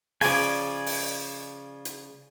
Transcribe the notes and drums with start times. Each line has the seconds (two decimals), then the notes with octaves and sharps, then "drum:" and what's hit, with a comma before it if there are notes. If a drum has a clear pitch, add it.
0.21 C#3 F3 D5 G#5, drum: open hi-hat
0.86 drum: open hi-hat
1.85 drum: hi-hat